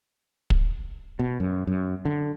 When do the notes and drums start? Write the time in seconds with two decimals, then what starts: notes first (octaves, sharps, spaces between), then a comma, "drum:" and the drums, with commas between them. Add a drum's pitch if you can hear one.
0.50 drum: kick
1.19 B2
1.40 F#2
1.67 F#2
2.05 D3